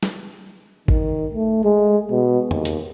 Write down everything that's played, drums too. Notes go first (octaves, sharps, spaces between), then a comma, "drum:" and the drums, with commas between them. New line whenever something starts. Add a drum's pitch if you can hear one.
drum: snare
D#3, drum: kick G#1
A3
G#3
B2
D#2, drum: tom E2
drum: hi-hat